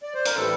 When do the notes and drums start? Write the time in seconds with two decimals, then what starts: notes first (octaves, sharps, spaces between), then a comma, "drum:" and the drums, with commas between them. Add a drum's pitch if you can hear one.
0.03 D5
0.14 C5
0.25 A#4, drum: hi-hat
0.36 A2 E3 G3 A4